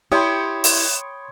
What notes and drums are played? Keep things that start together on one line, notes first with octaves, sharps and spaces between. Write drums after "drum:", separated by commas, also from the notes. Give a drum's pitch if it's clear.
E4 G4 C#5 G5 B5 C6 D#6
drum: open hi-hat